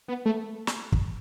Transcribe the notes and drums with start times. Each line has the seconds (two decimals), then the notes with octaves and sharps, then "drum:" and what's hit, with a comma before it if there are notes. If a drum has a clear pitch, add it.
0.08 B3
0.26 A3
0.67 drum: snare
0.92 drum: kick